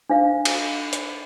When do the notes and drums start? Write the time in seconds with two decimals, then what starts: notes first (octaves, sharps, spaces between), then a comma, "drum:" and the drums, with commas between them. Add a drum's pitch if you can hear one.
0.10 D4 C5 F5
0.45 drum: cymbal
0.93 drum: hi-hat